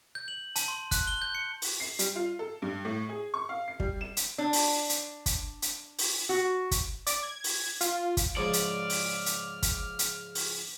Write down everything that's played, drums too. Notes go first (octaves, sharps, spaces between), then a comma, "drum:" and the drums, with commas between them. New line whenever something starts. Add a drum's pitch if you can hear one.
G6
F#7
A5, drum: hi-hat
C6
F#6, drum: kick, hi-hat
G7
G6
C#7
drum: open hi-hat
C7
G3, drum: hi-hat
F4
A4
G2
A2
G#4
C#6
F5
C7
G3, drum: kick
E7
drum: hi-hat
D4
drum: open hi-hat
drum: hi-hat
drum: kick, hi-hat
drum: hi-hat
drum: open hi-hat
F#4
drum: kick, hi-hat
D5, drum: hi-hat
G#6
drum: open hi-hat
F4, drum: hi-hat
drum: kick, hi-hat
G#2 C#3 F3 D5 F6
drum: hi-hat
drum: open hi-hat
drum: hi-hat
drum: kick, hi-hat
drum: hi-hat
drum: open hi-hat